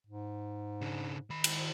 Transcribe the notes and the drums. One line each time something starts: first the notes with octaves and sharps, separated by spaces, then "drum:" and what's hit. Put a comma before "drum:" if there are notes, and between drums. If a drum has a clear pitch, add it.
G#2
C#3 D4
D#3 B5
drum: cymbal